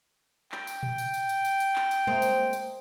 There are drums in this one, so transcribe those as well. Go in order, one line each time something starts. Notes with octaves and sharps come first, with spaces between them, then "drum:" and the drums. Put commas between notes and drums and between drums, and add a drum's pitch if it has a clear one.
G5, drum: clap
drum: tambourine
drum: tom A#2
drum: tambourine
drum: tambourine
drum: tambourine
drum: tambourine
drum: tambourine
drum: clap
drum: tambourine
G#3 A#3 C4, drum: tom
drum: tambourine
drum: tambourine